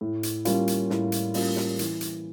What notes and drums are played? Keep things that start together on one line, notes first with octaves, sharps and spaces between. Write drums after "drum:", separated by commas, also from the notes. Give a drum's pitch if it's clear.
A2
drum: hi-hat
G3 A#3 C#4 F4, drum: hi-hat
drum: hi-hat
A2, drum: snare
drum: hi-hat
G3 A#3 C#4 F4, drum: open hi-hat
drum: snare
E3, drum: hi-hat
drum: hi-hat